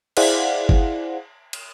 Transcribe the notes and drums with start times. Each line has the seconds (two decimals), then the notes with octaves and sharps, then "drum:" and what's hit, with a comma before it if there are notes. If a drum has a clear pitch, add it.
0.17 E4 G#4 C5 D5 F5 F#5, drum: cymbal
0.69 drum: kick G1
1.53 drum: cymbal